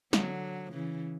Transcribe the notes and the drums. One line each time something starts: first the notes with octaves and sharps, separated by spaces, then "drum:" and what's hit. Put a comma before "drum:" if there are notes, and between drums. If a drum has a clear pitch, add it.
D3 F#3, drum: snare
C#3 E3